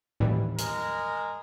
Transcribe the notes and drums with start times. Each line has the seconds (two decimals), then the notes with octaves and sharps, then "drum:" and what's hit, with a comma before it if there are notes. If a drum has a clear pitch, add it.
0.20 D#2 E3 G3, drum: tom A2
0.58 G#3 A#4, drum: hi-hat